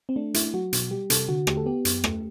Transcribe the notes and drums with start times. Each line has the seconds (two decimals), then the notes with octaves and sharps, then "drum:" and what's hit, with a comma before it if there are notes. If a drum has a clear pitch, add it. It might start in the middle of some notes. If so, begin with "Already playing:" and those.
0.09 C4
0.16 A3 D4
0.34 A3 E4, drum: hi-hat
0.47 E4
0.54 F#3 F#4
0.73 B2, drum: hi-hat
0.91 G3 G4
1.10 C3 A4, drum: hi-hat
1.28 D3 F#4
1.47 A3 G4, drum: rim click
1.57 A4
1.66 B3 G4
1.85 F#2, drum: hi-hat
2.04 A3, drum: rim click